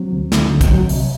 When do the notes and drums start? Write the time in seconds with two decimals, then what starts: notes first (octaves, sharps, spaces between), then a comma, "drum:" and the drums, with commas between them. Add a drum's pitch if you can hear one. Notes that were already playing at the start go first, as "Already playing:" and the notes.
Already playing: F#3 C4
0.12 D2
0.32 D2, drum: snare
0.51 D2
0.61 drum: kick, hi-hat
0.70 F#3
0.89 C3, drum: open hi-hat